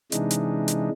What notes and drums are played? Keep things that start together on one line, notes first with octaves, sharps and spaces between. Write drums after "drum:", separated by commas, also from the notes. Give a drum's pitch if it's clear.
C3 E3 G#3 D4 D#4, drum: hi-hat
drum: hi-hat
drum: hi-hat